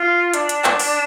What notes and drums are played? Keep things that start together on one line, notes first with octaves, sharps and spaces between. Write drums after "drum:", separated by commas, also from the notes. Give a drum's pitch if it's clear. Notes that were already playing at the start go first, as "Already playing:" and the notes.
Already playing: F4
D4, drum: hi-hat
drum: hi-hat
drum: clap
drum: open hi-hat